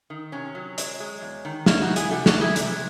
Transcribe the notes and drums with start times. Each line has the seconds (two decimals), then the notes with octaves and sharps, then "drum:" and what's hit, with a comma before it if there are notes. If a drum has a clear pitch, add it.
0.10 D#3
0.32 C3 C#4
0.55 F#3
0.78 G#3, drum: hi-hat
1.00 G#3
1.21 E2
1.45 D#3
1.66 C3 C#4 E4, drum: snare
1.81 D#4 F#4
1.89 E3
1.96 E4 G#4, drum: hi-hat
2.11 C3 F#4 A4
2.26 F#4 A4, drum: snare
2.33 E3
2.41 E4 G#4
2.56 C3, drum: hi-hat